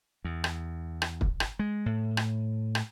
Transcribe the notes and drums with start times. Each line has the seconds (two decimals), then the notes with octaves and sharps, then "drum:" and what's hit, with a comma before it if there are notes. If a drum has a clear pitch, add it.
0.25 E2
0.44 drum: rim click
1.02 drum: rim click
1.21 drum: kick
1.40 drum: rim click
1.59 G#3
1.86 A2
2.17 drum: rim click
2.75 drum: rim click